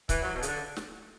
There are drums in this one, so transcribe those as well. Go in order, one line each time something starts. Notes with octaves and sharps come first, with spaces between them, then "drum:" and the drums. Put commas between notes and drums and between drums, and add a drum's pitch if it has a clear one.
E3, drum: kick C#1, hi-hat
F#3
B2
C#3, drum: hi-hat
D3
drum: snare